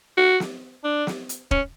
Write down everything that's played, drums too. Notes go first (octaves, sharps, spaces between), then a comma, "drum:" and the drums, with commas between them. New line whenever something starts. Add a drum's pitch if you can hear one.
F#4
drum: snare
D4
drum: snare
drum: hi-hat
C#4, drum: kick